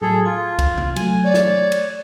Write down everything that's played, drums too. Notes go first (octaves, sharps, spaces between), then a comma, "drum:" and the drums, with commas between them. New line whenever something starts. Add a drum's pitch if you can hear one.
A2 F#3 G#4 A4
F4 G#6
drum: kick, cymbal
drum: tom C3
F#3 A3 G#5, drum: cymbal
C#5 D5
drum: snare
drum: cymbal